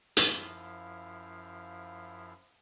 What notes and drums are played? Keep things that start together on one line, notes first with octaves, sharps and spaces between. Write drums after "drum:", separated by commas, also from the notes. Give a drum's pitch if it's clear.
F#2 F3 E4 F5, drum: hi-hat